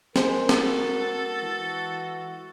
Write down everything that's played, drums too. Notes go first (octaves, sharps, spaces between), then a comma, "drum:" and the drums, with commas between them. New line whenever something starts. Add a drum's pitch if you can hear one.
G#3 A#4 C5, drum: snare
F#4 A4, drum: snare
E3